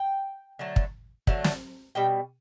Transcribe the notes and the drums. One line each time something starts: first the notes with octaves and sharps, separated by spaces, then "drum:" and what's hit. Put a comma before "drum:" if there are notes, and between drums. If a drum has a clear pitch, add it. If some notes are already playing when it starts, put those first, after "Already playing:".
Already playing: G5
D3 F#3 A3
drum: kick
D3 F#3 A3, drum: kick
drum: snare
B2 G3 G5